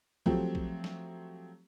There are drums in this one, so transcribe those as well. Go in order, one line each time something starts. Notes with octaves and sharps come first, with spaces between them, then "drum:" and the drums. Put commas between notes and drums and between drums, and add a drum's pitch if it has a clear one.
F3 F#3 A3 C4 G4, drum: kick
drum: kick
drum: snare